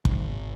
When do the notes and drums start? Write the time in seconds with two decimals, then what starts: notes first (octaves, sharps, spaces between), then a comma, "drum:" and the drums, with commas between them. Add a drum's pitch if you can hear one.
0.05 G#1, drum: kick